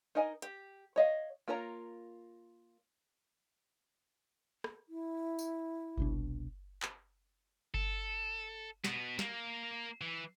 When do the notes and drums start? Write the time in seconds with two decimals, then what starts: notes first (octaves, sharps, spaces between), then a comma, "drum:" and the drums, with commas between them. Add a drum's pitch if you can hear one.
0.15 D#4 A#4 D#5 G#5
0.42 G4, drum: hi-hat
0.96 C#5 D#5 F5
1.48 A#3 F4 A#4 C#5 A#5
4.64 drum: rim click
4.89 E4
5.39 drum: tambourine
5.98 C2 B2 D4, drum: kick G1
6.82 drum: clap
7.74 A4, drum: kick G1
8.84 B2 B3, drum: snare
9.19 A#3, drum: snare
10.01 E3